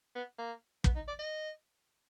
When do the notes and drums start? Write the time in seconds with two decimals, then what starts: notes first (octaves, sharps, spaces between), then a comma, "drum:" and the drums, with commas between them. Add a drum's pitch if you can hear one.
0.15 B3
0.38 A#3
0.84 B3, drum: kick
0.95 D#4
1.08 D5
1.19 D#5